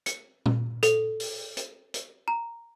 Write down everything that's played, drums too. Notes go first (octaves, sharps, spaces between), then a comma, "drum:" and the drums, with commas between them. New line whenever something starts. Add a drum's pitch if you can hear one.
C#7, drum: hi-hat
drum: tom A#2
A4, drum: hi-hat
drum: open hi-hat
drum: hi-hat
drum: hi-hat
A#5